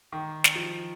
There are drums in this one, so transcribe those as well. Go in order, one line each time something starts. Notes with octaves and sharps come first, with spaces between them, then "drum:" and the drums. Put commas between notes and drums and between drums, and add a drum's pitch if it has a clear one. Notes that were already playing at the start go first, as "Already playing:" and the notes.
D#3
drum: snare
F3